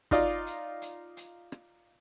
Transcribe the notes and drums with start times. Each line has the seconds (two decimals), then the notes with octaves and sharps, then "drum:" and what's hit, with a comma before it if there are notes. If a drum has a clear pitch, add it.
0.11 D#4 F4 D5 D#5, drum: kick, hi-hat
0.46 drum: hi-hat
0.82 drum: hi-hat
1.17 drum: hi-hat
1.52 drum: rim click